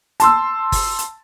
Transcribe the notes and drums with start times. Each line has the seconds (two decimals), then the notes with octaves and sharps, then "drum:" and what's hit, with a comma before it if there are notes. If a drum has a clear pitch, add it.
0.20 A5 C6 E6, drum: hi-hat
0.72 drum: kick G1, open hi-hat
0.99 drum: hi-hat